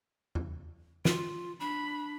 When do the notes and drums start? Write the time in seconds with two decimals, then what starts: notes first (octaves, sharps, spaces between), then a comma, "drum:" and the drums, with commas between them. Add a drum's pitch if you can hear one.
0.35 drum: tom E2
1.05 F4, drum: snare
1.60 D4 B5